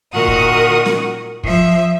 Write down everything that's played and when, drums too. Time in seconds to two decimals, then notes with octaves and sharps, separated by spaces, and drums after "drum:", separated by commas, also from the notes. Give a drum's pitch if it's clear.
0.13 A#2 D#3 F#4 A#4 F#5 D#6
0.28 drum: kick
0.86 drum: snare
1.43 F3 E5, drum: kick